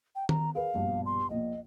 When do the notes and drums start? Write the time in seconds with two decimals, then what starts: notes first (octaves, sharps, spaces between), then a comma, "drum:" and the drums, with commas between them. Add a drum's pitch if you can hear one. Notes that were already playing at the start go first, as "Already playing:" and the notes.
0.15 G5
0.29 A#5, drum: tom D#3
0.55 G#4 A#4 B4 F5
0.74 A#1 G2 B2
1.06 C6
1.30 A#1 A#2 D#5